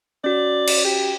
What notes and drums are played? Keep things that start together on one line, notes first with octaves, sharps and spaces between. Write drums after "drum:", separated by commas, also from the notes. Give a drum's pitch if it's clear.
C#4 F#4 D5
drum: cymbal
G4